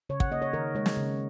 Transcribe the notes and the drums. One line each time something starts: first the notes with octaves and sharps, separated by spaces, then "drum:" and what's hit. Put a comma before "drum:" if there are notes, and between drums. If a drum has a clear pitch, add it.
C#3 C#5
F#5, drum: kick
A#3 D#5
C#5
D#3 A#4
G#3 C#5
drum: snare
C#3